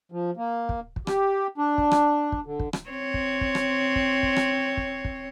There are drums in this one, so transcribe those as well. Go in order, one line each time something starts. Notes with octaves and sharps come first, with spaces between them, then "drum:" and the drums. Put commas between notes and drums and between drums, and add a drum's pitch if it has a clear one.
F3
A#3
drum: kick
drum: kick
G4, drum: rim click
D4
drum: kick
drum: rim click
drum: kick
D3
drum: kick
drum: rim click
C4 C#5
drum: kick
drum: kick
drum: rim click
drum: kick
drum: kick
drum: rim click
drum: kick
drum: kick